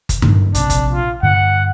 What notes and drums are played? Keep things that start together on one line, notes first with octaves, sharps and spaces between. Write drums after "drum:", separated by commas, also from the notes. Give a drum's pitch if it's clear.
drum: kick G1, hi-hat
F#2 D3 D#3, drum: tom G2
A#1 C3 C4 D4, drum: hi-hat
drum: kick G1, hi-hat
F4
G2 D3 F#5